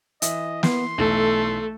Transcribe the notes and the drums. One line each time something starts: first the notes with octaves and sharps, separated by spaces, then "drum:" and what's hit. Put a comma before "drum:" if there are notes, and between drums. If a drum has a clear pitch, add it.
E3 D#5 E5, drum: hi-hat
B3 C6, drum: snare
B1 E3 A3 A4